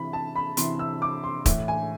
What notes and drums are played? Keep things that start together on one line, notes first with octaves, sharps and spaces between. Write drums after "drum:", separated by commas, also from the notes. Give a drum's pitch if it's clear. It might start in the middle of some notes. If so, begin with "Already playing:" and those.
Already playing: C3 E3 B5
A5
B5
C3 E3 C6, drum: hi-hat
E6
D6
C6
A2 E3, drum: kick, hi-hat
G#5